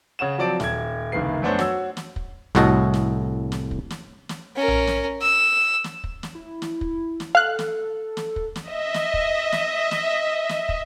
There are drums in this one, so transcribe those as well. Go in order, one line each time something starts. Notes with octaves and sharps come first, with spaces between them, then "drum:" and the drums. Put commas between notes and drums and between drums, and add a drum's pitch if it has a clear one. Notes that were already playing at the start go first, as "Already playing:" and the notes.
C#3 C#5 F#5 E7
F3 F#3 C4 D5 A5 D7
D#1 G#6, drum: snare
F#1 C2 D#3 A#3 B4 C7
F#2 A3 B3 D4 C5 C#5
F#4 C#5 E6, drum: snare
drum: snare
drum: kick
C2 A2 F#4 A4 D#5, drum: snare
drum: snare
drum: snare
drum: kick
drum: snare
drum: snare
C#4 A#4
drum: tom A#1
drum: snare
E6
drum: snare
drum: kick
drum: snare
E4
drum: snare
drum: kick
drum: snare
A4 F5 F#6
drum: snare
drum: snare
drum: kick
drum: snare
D#5 E5
drum: snare
drum: kick
drum: snare
drum: snare
drum: snare
drum: kick